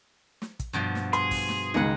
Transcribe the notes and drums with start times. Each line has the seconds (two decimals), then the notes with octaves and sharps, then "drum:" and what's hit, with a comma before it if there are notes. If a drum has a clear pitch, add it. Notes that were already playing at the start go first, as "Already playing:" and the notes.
0.42 drum: snare
0.60 drum: kick, hi-hat
0.73 G2 B2 F3
0.95 drum: snare
1.13 G#4 C6, drum: hi-hat
1.31 drum: kick, open hi-hat
1.49 drum: snare
1.74 C#2 D#3 G#3 F#5